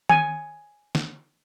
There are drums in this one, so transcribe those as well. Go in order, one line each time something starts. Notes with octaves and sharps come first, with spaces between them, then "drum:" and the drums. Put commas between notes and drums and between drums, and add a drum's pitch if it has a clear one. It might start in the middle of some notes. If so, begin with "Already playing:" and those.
G#5, drum: tom D#3
drum: snare